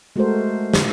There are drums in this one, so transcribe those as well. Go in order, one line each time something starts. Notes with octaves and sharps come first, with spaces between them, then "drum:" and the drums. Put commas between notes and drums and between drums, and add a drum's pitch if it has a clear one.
G#3 A3 F#4 A4 A#4 C5
drum: snare